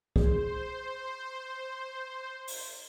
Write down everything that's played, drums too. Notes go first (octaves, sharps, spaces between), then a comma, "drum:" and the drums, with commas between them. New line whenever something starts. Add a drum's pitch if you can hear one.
G#4 C5, drum: kick
drum: open hi-hat